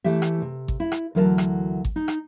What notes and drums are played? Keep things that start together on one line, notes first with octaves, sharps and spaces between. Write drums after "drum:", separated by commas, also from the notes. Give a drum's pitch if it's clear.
E3 A3 G4 E5
drum: rim click
C3
drum: kick G#1
E4
drum: rim click
D2 E3 F#3 A#4 E5 A5
drum: rim click
drum: kick G#1
D#4
drum: rim click